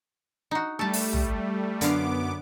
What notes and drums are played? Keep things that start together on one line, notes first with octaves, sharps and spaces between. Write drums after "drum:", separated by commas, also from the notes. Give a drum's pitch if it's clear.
D#4 F#4
G3 A3 A4 A5
drum: open hi-hat
drum: tom
F#2 D3 B3 F5 D6, drum: hi-hat